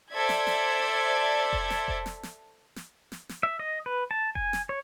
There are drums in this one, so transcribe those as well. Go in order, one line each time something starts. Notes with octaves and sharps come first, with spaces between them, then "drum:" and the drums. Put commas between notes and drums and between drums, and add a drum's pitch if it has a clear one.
A4 C5 D5 E5 G#6
drum: snare
drum: snare
drum: kick F1
drum: snare
drum: kick F1
drum: snare
drum: snare
drum: snare
drum: snare
drum: snare
E5
D#5
B4
A5
G#5, drum: kick F1
drum: snare
C#5